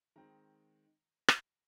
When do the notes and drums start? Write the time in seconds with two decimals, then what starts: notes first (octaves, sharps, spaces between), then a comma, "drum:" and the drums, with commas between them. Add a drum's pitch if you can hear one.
0.16 D#3 G#3 C4 A#5
1.28 drum: rim click